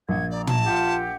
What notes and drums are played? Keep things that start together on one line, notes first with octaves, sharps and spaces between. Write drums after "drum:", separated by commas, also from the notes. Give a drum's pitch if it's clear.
A#1 F#5 G#6
D5 A#5
A5, drum: tom
F4 G4 F#5